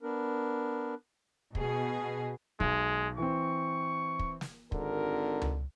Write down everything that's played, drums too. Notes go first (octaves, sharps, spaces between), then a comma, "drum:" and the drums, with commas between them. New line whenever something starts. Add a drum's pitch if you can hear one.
B3 D4 A#4
B2 G#4, drum: kick
B1 G#3, drum: kick
E3 C4 C#6
drum: kick
drum: snare
G#1 D3 A#4, drum: kick
drum: tom C#2